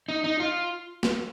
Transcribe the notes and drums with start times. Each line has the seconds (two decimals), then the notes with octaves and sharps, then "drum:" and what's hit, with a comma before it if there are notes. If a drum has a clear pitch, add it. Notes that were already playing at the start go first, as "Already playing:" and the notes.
0.09 D#4
0.24 D#4
0.40 F4
1.03 drum: snare